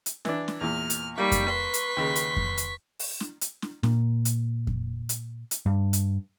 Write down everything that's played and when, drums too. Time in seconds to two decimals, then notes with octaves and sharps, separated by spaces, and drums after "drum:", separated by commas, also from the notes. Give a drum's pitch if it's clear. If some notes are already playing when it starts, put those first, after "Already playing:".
0.06 drum: hi-hat
0.25 E3 D4, drum: snare
0.48 drum: snare
0.61 E2 A#2 F6
0.90 drum: hi-hat
1.18 G3 A#3 D#4 C#6 B6
1.32 drum: kick F2, hi-hat
1.50 B4 C6
1.74 drum: hi-hat
1.97 D#2 C#3
2.16 drum: hi-hat
2.36 drum: kick F2
2.57 drum: hi-hat
2.99 drum: open hi-hat
3.20 drum: snare
3.41 drum: hi-hat
3.62 drum: snare
3.83 A#2, drum: snare
4.25 drum: hi-hat
4.67 drum: kick F2
5.09 drum: hi-hat
5.51 drum: hi-hat
5.66 G2
5.93 drum: hi-hat